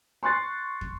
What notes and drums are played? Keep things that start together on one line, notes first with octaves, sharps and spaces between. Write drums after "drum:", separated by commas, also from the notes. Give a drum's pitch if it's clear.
C6 C#6 F#6 A6 C7
drum: kick